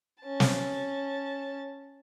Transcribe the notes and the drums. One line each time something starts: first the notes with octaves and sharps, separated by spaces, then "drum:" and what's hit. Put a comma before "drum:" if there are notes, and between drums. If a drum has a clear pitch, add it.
C#4 A5
drum: snare